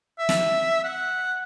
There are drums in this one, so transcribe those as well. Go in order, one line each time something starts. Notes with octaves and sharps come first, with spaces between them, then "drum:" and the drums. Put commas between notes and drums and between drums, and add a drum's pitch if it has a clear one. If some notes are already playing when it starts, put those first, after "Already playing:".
E5
drum: snare
F#5